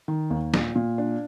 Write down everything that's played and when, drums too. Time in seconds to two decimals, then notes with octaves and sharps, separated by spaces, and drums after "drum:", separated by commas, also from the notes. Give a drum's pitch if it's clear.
0.08 D#3
0.30 D#2
0.54 A#2, drum: snare
0.76 A#2
0.98 D4